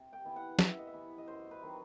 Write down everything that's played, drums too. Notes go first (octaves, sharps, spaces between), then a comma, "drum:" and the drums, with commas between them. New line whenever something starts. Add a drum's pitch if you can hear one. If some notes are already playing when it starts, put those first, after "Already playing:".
Already playing: C3
G5
E3 B3 E4
F#5
C3 F#5, drum: snare
E5
D#5
E5
E3 B3 E4
D#5
F#2 C5
B4
D#3 F#3 C4